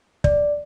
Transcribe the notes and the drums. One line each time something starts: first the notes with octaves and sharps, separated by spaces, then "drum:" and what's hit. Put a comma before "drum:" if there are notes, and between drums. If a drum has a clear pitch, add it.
D5, drum: kick